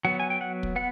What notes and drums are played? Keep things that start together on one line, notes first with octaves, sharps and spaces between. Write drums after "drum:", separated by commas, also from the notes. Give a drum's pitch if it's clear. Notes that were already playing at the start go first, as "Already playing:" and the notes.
F#3 B3 F#5
G#5
G5
F#5
drum: kick
B3 F#5